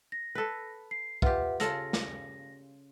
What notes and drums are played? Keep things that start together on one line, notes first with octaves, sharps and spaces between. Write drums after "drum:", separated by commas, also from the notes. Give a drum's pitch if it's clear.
A#6
A4 B4
C7
F4 G4 B4 E5 F#5, drum: kick
C#3 F4 A4 A#6, drum: hi-hat
drum: snare